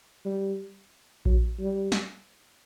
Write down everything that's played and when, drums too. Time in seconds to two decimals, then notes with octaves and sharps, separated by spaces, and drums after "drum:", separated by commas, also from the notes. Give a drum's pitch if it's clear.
0.25 G3
1.25 F#3, drum: kick A#1
1.59 G3
1.92 drum: snare